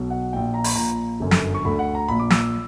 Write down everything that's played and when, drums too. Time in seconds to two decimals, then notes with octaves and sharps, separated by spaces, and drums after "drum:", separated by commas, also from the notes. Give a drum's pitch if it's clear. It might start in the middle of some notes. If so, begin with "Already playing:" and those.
Already playing: B1 B2
0.10 F#5
0.33 A#1 A#2 G5
0.54 A#5
0.64 B5, drum: open hi-hat
0.75 A#1 A#2 A#5
1.20 G1 F#2 D3
1.31 drum: snare
1.54 C#6
1.64 D2 D3 B5
1.79 F#5
1.95 A#5
2.08 A#1 A#2 B5
2.19 D6
2.30 E6, drum: snare